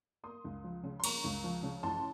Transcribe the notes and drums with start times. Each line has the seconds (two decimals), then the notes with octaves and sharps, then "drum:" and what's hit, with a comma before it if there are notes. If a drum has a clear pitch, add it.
0.23 A#3 C6 D#6
0.44 C#2
0.64 F3
0.83 C#3
1.00 C6
1.04 A#3 A#5 C#6, drum: cymbal
1.24 C#2
1.44 F3
1.63 C#3
1.83 A1 A5 C6